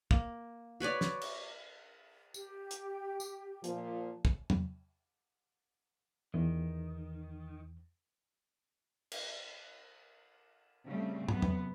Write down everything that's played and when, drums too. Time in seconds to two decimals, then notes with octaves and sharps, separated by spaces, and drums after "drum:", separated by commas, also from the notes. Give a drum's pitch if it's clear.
0.11 A#3, drum: kick
0.80 F#4 B4 C#5 D5
1.01 drum: snare
1.22 drum: cymbal
2.34 G4, drum: tambourine
2.71 drum: hi-hat
3.20 drum: tambourine
3.64 A#2 F3, drum: hi-hat
4.25 drum: kick
4.50 drum: tom
6.34 E2 D#3
9.12 drum: cymbal
10.87 C#3 G3 A3 C4
11.29 F#2 C3 B3, drum: tom
11.42 drum: tom